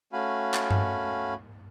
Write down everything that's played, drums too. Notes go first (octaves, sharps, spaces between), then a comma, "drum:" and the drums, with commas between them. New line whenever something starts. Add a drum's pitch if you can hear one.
A3 C#4 F#4 F5 G#5 B5
drum: clap
drum: tom G2